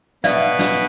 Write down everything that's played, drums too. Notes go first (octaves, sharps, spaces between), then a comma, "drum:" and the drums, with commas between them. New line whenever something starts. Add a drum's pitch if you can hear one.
B2 B4 D5 E5 F5, drum: snare
drum: snare